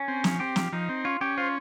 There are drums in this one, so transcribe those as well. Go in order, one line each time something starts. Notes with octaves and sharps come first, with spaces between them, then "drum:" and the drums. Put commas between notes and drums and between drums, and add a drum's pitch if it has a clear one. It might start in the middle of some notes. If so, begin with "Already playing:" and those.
Already playing: C#4
C4
F3, drum: snare
C4 G4
F3, drum: snare
F3 D#4
C4
C#4 F4
C#4 G4
F4 C5